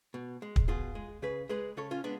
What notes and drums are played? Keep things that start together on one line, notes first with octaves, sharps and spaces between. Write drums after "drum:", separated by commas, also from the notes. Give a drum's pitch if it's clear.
B2
G#3
drum: kick
B2 F4 G#4
G#3
C#3 G#4 B4
G#3 G#4 B4
C#3 A4 C#5
C#4 F4
G#3 B3 D4